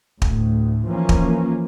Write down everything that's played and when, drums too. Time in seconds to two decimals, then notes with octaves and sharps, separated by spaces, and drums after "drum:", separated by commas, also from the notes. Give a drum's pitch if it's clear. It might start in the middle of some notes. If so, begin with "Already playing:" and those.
0.22 D2 A2, drum: kick
0.88 E3 F3 A#3 C#4
1.09 drum: kick